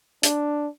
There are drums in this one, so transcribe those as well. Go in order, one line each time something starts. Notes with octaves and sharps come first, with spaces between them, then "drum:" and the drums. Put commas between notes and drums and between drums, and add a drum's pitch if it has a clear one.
D4, drum: hi-hat